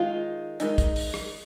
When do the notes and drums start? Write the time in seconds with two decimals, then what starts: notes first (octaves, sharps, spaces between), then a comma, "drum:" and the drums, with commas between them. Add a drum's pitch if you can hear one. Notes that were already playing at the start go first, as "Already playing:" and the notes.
Already playing: D#3 G#3 D#4 F4
0.60 D#3 G#3 D#4, drum: hi-hat
0.78 drum: kick, hi-hat
0.96 drum: open hi-hat
1.14 drum: rim click